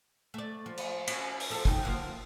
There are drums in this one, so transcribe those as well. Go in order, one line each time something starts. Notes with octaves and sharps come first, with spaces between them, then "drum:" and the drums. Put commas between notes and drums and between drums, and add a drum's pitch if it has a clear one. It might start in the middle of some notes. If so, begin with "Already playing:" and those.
A3 D5
F3
drum: cymbal
C#4, drum: cymbal
drum: open hi-hat
F3 A4
F#2 D#4 G4, drum: kick
D3 F3 A#3